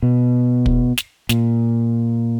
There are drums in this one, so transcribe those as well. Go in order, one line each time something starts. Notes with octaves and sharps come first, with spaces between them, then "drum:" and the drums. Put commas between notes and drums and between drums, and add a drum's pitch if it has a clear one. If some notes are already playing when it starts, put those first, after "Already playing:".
B2
drum: kick
drum: snare
A#2, drum: snare